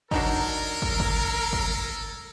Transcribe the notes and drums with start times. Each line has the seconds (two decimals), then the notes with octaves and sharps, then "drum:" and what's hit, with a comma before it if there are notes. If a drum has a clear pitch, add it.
0.11 F#3 G#3 D4 D#4 A4 A#4, drum: kick
0.82 drum: kick
1.00 drum: kick
1.53 drum: kick